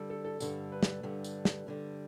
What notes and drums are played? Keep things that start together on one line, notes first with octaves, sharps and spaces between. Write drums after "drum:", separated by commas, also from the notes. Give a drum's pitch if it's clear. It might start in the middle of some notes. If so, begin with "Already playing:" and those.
Already playing: G2 D3 G3 A4
A4
A4
G2 D3 G3, drum: tambourine
B4
drum: snare
G2 D3 G3
drum: tambourine
drum: snare
G2 D3 G3